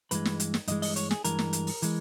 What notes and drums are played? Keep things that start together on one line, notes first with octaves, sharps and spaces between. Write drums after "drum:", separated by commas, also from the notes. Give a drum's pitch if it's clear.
G2 E3 G#3 B4, drum: hi-hat
drum: snare
drum: hi-hat
drum: snare
G2 E3 G#3 D#5, drum: hi-hat
D#5, drum: open hi-hat
C#5, drum: hi-hat
G#4, drum: snare
G2 E3 G#3 A#4, drum: hi-hat
drum: snare
drum: hi-hat
drum: open hi-hat
E3 G#3, drum: hi-hat